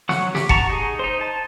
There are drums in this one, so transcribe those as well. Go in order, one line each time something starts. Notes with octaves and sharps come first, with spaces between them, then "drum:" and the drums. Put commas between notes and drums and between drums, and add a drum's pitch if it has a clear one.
F#3 F#5 C#6 F#6, drum: snare
G4, drum: snare
F#5 A5 A#5 C#6, drum: kick F1
D#4 G#4
D#4 C5
A5